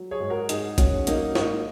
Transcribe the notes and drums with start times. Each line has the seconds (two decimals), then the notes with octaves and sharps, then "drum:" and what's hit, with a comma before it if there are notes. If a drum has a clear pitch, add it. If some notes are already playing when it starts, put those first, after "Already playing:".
Already playing: F#3
0.11 G#4 C#5
0.20 G#2
0.30 F#4 A#4
0.49 G#2 D#4 G#4, drum: hi-hat
0.78 F#3 C#4 F#4, drum: kick, hi-hat
1.07 F#3 A#3 D#4, drum: hi-hat
1.35 G#2 A#3 D#4, drum: snare